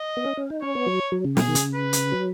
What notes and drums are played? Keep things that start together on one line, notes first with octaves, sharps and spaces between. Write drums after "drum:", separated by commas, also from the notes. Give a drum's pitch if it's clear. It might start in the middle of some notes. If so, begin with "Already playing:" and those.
Already playing: D#5
B3
C#4
C#4
D#4
C#4 C#5
B3
F#3
F#3
C#3
B2 G#4, drum: snare
D#3
C#3, drum: hi-hat
B4
drum: hi-hat
F#3